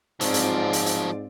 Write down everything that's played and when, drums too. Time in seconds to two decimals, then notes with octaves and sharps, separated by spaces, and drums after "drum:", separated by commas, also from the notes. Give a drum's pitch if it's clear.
0.21 G#2 F3 F#3 C4 F4 D5, drum: hi-hat
0.34 drum: hi-hat
0.73 drum: hi-hat
0.86 drum: hi-hat